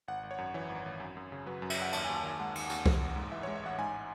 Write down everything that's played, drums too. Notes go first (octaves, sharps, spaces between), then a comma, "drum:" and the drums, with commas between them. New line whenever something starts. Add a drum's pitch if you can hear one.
G#1 F#5
G#1
C#5
F#2
E3 C#5
G#1
G#1
F#2
F#2
C#3
F#3 B4
F#2
E5, drum: cymbal
F#2 F#5
D#2 A5, drum: cymbal
D#2 G#5
A5
D#3 G#5
G#3 F#5
D#2, drum: cymbal
D#2, drum: tambourine
G#3, drum: kick C2
A1
G#2
E3 E5
G#3 C#5
E5
A1 F#5
G#2 G#5